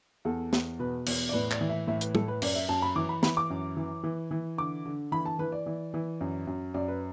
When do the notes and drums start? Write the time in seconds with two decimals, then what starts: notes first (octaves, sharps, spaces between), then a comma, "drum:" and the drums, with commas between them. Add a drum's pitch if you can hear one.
0.25 E2 A4
0.53 E2, drum: snare
0.79 B2 B4
1.06 E2, drum: cymbal
1.29 D5
1.33 A2 B4
1.51 D5, drum: clap
1.61 E3
1.69 E5
1.88 A2 E5
2.01 B4, drum: hi-hat
2.15 A2 A4, drum: tom
2.28 B4
2.42 F#2 D5, drum: cymbal
2.55 E5
2.69 F#2 A5
2.82 B5
2.96 E3 D6
3.09 B5
3.23 E3 B5, drum: snare
3.37 D6
3.50 F#2
3.77 E3
4.04 E3
4.31 E3
4.58 D3 D6
4.86 D3
5.12 E3 B5
5.26 A5
5.39 E3 B4
5.52 D5
5.66 E3
5.94 E3
6.21 F#2
6.47 F#2
6.74 F#2 D5
6.88 B4